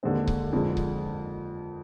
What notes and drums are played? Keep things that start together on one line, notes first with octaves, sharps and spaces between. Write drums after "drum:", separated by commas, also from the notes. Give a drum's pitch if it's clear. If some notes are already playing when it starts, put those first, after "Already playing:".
D#2 D3 G#3 C4
drum: kick C#1
F2 D3 G#3
drum: kick C#1